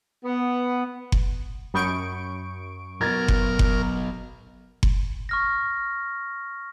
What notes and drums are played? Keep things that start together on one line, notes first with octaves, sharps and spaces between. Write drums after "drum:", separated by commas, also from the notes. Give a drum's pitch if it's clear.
B3
drum: kick F#1
F#2 B5 C#6 D#6 G6 D7
B2 F#3 A#4 G#6 A6
drum: kick F#1
drum: kick F#1
drum: kick F#1
C#6 F6 A#6